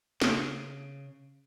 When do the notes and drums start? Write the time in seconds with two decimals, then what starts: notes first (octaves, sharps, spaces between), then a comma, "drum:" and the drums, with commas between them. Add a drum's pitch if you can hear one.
0.22 C#3, drum: snare